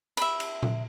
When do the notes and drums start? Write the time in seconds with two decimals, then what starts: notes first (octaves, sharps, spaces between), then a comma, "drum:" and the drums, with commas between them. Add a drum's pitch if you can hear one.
0.17 E5 B5, drum: cymbal
0.40 drum: cymbal
0.63 drum: tom A#2